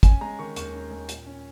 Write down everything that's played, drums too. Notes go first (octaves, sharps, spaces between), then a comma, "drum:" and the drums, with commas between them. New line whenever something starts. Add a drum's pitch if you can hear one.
C#4 G#5, drum: kick, hi-hat
G#3 A#5
D#3 C#6
D#2 C#6, drum: hi-hat
C#4
G#3
A#2, drum: hi-hat
C#4